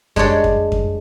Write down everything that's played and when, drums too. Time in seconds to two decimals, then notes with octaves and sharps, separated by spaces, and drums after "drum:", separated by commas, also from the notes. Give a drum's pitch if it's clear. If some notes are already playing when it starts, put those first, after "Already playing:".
0.16 G#3 D4 G4 C#5 D5, drum: kick F2
0.44 drum: kick F2
0.72 drum: kick F2